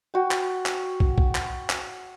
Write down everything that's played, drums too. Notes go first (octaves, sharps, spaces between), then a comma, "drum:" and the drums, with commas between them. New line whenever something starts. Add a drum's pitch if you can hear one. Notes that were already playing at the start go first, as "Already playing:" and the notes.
F#4 G5
drum: clap
drum: clap
drum: kick
drum: kick
drum: clap
drum: clap